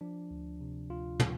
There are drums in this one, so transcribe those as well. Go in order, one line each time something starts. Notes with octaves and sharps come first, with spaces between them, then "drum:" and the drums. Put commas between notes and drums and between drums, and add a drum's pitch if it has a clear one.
F3 D4
D2
C3
D2 F4
F3, drum: tom